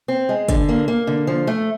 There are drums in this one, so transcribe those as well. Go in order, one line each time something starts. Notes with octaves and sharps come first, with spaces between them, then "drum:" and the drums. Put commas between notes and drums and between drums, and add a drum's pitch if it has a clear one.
C4
G#3
D3, drum: kick, hi-hat
A#3
A#3
D3
F3
A3